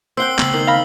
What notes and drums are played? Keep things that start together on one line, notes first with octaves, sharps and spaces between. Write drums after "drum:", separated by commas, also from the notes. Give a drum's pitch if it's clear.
C4 F#5 G5 E6 C7 G7
C#3 A3 B3 E6 F#7, drum: clap
D#3 F#7
F5 A#5 B5